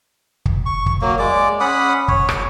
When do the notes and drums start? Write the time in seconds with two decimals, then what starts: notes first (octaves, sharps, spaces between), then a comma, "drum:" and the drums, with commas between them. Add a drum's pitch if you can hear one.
0.46 drum: kick
0.66 C#6
0.86 drum: kick
1.01 F#3 A#3
1.19 G#3 D5 D6
1.60 C#4 F#5 B5 D#6
2.08 C#5, drum: kick
2.29 drum: rim click